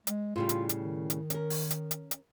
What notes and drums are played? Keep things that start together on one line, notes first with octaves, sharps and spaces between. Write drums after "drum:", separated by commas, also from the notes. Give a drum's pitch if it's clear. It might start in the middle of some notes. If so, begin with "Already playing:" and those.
G#3, drum: hi-hat
A2 C#3 G3 F4
drum: hi-hat
drum: hi-hat
D#3
drum: hi-hat
C#4 A#4, drum: hi-hat
drum: open hi-hat
drum: hi-hat
drum: hi-hat
drum: hi-hat